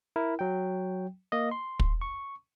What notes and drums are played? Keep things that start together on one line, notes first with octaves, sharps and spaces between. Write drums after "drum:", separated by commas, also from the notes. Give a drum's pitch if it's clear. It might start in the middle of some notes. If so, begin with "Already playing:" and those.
E4 A#4
F#3 G5
A#3 D#5
C6
drum: kick
C#6